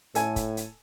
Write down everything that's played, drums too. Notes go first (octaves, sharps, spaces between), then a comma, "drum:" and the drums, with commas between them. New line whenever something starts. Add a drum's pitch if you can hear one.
A2 A4 G#5, drum: hi-hat
drum: kick, hi-hat
drum: hi-hat